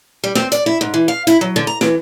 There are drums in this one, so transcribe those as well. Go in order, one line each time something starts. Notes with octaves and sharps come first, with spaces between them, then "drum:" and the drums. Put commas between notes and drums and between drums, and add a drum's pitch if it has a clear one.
G3
C4, drum: snare
D5, drum: hi-hat
E4
G#2
E3
F5
E4, drum: hi-hat
F#3
D3
A#5
E3, drum: snare